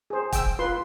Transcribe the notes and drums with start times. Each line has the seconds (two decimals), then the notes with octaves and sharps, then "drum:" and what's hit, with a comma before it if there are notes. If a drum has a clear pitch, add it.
0.10 G#4 C5
0.32 G5 E6, drum: kick, hi-hat
0.59 F4 B4 C6